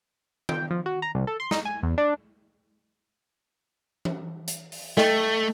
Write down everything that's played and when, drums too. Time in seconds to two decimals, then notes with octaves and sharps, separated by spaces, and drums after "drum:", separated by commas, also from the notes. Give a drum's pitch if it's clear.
0.49 G5, drum: tom
0.71 F3
0.86 F#4
1.02 A#5
1.15 C2
1.27 A4
1.40 C6
1.51 D#4, drum: snare
1.65 G#5
1.83 E2
1.98 D4
4.05 drum: tom
4.47 drum: hi-hat
4.72 drum: open hi-hat
4.97 A3 A4 D#5 G5, drum: snare